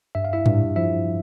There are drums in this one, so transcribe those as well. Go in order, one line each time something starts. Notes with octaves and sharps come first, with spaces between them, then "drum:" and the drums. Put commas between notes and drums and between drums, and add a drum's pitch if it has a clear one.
G2 E5
F5
E4 E5
G2, drum: tom G#2
F3 E4 E5